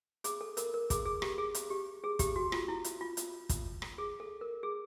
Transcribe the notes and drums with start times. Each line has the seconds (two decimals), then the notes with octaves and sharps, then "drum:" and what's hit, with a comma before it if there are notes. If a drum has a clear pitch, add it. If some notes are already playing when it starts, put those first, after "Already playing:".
0.24 G#4, drum: hi-hat
0.41 A4
0.57 A#4, drum: hi-hat
0.74 A#4
0.90 G#4, drum: kick, hi-hat
1.05 G#4
1.22 G4, drum: rim click
1.38 G#4
1.55 drum: hi-hat
1.70 G4
2.04 G#4
2.19 G4, drum: kick, hi-hat
2.36 F#4
2.52 F4, drum: rim click
2.68 E4
2.84 drum: hi-hat
3.01 F4
3.17 drum: hi-hat
3.49 drum: kick, hi-hat
3.82 drum: rim click
3.98 G#4
4.20 A4
4.41 A#4
4.63 G#4